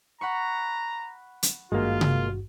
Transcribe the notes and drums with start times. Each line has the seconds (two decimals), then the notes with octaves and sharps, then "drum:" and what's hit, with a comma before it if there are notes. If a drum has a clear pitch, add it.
0.21 F#5 A#5 B5 C#6
1.43 drum: hi-hat
1.72 G#1 G2 G#3 A#3 F4 F#4
2.01 drum: tom C3